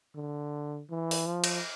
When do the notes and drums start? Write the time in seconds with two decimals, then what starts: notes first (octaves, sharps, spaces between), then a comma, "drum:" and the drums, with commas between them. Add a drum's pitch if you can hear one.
0.16 D3
0.90 E3
1.11 drum: open hi-hat
1.26 F3
1.44 drum: cymbal